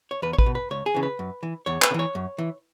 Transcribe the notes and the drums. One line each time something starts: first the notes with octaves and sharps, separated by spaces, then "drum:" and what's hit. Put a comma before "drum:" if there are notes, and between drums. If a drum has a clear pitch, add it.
C#5
E2 B4
C#5
B4, drum: kick A1
B2
B4
C#2 C#5
G#4
C#3 E3
B4
F#2
E3
E2 C#5
B4, drum: clap
C#3
E3 C#5
F#2
E3